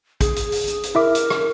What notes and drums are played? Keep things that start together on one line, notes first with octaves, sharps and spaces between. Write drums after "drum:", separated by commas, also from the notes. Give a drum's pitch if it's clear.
G#4, drum: kick, hi-hat
drum: hi-hat
drum: open hi-hat
drum: hi-hat
drum: hi-hat
E4 A#4 E5 D6
drum: hi-hat
drum: rim click